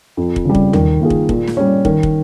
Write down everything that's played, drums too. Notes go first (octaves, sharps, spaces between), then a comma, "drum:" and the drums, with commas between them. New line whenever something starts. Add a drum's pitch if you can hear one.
F2
drum: kick
C#3 G3
drum: kick
D#3, drum: tom D#2
A#3 F4 G#4
drum: kick
A#2, drum: kick
drum: snare
G3 C#4
D#3, drum: kick
drum: kick